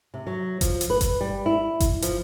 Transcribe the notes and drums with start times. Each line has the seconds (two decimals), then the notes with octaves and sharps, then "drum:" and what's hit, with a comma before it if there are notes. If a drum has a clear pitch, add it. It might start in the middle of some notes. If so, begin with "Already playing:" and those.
0.14 C3
0.27 F#3
0.61 F3, drum: kick G1, hi-hat
0.81 drum: hi-hat
0.90 B4
1.01 drum: kick G1, hi-hat
1.21 G3
1.46 E4
1.80 drum: kick G1, hi-hat
2.02 F3, drum: hi-hat